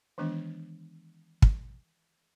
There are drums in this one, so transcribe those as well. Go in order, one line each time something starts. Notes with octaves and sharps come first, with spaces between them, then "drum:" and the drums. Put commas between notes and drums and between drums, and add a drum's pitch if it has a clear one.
D#3 E3 G#3 B3 D4
drum: kick